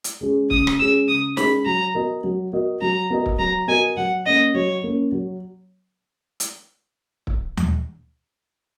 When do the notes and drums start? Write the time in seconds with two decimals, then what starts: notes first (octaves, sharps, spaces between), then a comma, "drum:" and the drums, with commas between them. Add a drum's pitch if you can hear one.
0.04 drum: hi-hat
0.21 G#3 C#4 G#4
0.50 C#3 D#6, drum: kick
0.67 drum: rim click
0.79 G#3 C#4 G#4 E6
1.08 C#3 D#6
1.37 G#3 C#4 G#4 B5, drum: snare
1.66 F#3 A#5
1.94 B3 F#4 A#4 D#5
2.24 F#3
2.53 B3 F#4 A#4 D#5
2.82 F#3 A#5
3.10 B3 F#4 A#4 D#5
3.26 drum: kick
3.38 F#3 A#5
3.67 B3 F#4 A#4 D#5 G#5
3.97 F#3 F#5
4.26 A#3 C#4 D#5
4.54 F#3 C#5
4.83 A#3 C#4
5.12 F#3
6.40 drum: hi-hat
7.27 drum: kick
7.57 drum: tom D#2